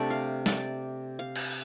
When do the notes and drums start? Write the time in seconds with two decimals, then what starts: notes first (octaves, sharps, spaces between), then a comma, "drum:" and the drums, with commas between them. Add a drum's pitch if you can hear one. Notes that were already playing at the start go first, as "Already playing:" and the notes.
Already playing: C3 A3 D4 D5
0.10 F5
0.46 D5, drum: snare
1.19 F5
1.36 drum: cymbal